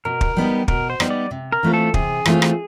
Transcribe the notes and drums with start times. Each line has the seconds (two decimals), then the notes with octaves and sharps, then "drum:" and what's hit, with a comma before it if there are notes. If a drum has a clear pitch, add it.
0.05 B2 A#4
0.21 drum: kick
0.37 G3 B3 D#4 G4
0.68 B2 A#4, drum: kick
0.90 C5
1.00 G3 B3 D#4 G4, drum: rim click
1.10 D5
1.31 C3
1.52 A#4
1.63 E3 A3 C4 F4
1.73 A4
1.94 C3 G#4, drum: kick
2.25 E3 A3 C4 F4, drum: rim click
2.42 drum: rim click